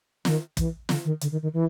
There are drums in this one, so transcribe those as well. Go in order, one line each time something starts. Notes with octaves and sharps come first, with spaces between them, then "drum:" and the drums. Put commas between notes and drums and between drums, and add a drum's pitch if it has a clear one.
D#3, drum: snare
E3, drum: kick, hi-hat
D3, drum: snare
D#3
D3, drum: hi-hat
D#3
D#3
E3